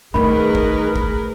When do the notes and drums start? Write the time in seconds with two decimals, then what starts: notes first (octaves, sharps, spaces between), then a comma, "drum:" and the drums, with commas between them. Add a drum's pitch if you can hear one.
0.14 D#3 G3 A3 G#4 A#4 B4 B5
0.55 drum: kick
0.96 drum: kick